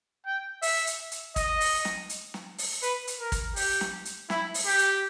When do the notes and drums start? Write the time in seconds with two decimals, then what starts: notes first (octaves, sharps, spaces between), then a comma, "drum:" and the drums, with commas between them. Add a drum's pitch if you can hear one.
0.26 G5
0.62 E5, drum: open hi-hat
0.87 drum: hi-hat
1.12 drum: hi-hat
1.36 D#5, drum: kick, hi-hat
1.60 drum: open hi-hat
1.85 drum: snare
2.09 drum: hi-hat
2.34 drum: snare
2.58 drum: open hi-hat
2.83 B4, drum: hi-hat
3.07 drum: hi-hat
3.20 A#4
3.32 drum: kick, hi-hat
3.56 G4, drum: open hi-hat
3.81 drum: snare
4.05 drum: hi-hat
4.30 E4, drum: snare
4.54 drum: open hi-hat
4.66 G4
4.79 drum: hi-hat